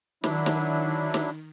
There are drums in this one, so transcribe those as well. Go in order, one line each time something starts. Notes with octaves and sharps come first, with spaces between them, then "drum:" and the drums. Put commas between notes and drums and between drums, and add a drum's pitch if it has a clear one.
D#3 F#3 D4 E4, drum: snare
drum: snare
drum: snare